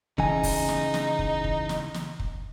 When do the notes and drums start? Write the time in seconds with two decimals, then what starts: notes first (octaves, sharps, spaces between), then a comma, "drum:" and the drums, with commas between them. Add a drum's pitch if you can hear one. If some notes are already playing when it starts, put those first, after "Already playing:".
0.18 C#3 E3 D#4 G#5, drum: kick
0.43 drum: kick, open hi-hat
0.69 drum: snare
0.94 drum: snare
1.19 drum: kick
1.44 drum: kick
1.69 drum: snare
1.94 drum: snare
2.20 drum: kick